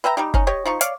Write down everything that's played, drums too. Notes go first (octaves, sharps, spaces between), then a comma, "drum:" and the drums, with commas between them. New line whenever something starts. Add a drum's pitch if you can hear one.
B4 E5 G5 A#5
G3 D#4 G4
C#4 D#4, drum: kick
G4 C#5 D#5
F3 D#4 C#6
C#5 D5 F5, drum: hi-hat